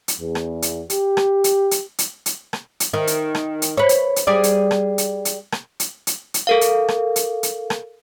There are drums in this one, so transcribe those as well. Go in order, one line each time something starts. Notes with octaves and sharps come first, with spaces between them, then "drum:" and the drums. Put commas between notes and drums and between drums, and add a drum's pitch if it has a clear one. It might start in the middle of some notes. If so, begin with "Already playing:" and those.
drum: hi-hat
E2
drum: rim click
drum: hi-hat
G4, drum: hi-hat
drum: rim click
drum: hi-hat
drum: hi-hat
drum: hi-hat
drum: hi-hat
drum: rim click
drum: hi-hat
D#3
drum: hi-hat
drum: rim click
drum: hi-hat
B4 C#5
drum: hi-hat
drum: hi-hat
G3 G#4 D5
drum: hi-hat
drum: rim click
drum: hi-hat
drum: hi-hat
drum: rim click
drum: hi-hat
drum: hi-hat
drum: hi-hat
A4 A#4 F5
drum: hi-hat
drum: rim click
drum: hi-hat
drum: hi-hat
drum: rim click